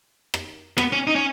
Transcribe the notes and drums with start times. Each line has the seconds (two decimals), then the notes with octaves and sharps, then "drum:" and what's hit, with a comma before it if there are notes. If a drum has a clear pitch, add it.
0.34 drum: rim click
0.78 B3, drum: rim click
0.93 C#4
1.07 D#4
1.15 C#4